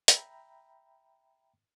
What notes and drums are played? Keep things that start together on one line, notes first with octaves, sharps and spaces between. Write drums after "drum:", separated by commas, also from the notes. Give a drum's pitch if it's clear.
E5 G5 A#5 B5, drum: hi-hat